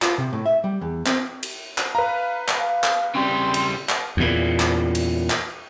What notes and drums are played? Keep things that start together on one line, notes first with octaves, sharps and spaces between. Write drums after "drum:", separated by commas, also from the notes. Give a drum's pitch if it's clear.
F4, drum: clap
C3
A2
E5
G3
E2
C4, drum: clap
drum: cymbal
drum: clap
B4 F5 A#5
drum: clap
F5
drum: clap
C#3 G3 C4 C6
drum: cymbal
drum: clap
E2 A#2
drum: clap
drum: cymbal
drum: clap